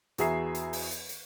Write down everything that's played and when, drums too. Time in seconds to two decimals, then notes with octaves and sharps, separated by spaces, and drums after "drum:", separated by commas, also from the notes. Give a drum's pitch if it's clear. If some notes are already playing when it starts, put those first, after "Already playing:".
0.18 E2 F#4 G#4 E5 A#5 C7, drum: hi-hat
0.55 drum: hi-hat
0.73 drum: open hi-hat
0.91 drum: hi-hat
1.09 drum: hi-hat